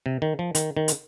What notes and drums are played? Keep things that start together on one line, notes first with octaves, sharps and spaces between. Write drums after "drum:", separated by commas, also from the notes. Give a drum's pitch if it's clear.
C3
D#3
F3
D#3, drum: hi-hat
D#3
drum: hi-hat